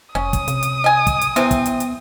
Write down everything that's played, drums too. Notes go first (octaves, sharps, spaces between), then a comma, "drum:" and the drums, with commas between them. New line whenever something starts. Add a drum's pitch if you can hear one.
F1 C#4 D#6
drum: kick, hi-hat
C3, drum: hi-hat
drum: hi-hat
D#5 G#5
drum: kick, hi-hat
drum: hi-hat
C3 E3 B3 C4, drum: hi-hat
drum: kick, hi-hat
drum: hi-hat
drum: hi-hat